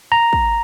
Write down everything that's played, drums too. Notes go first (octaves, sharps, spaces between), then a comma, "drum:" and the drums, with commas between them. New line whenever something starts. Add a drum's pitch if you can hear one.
A#5
drum: kick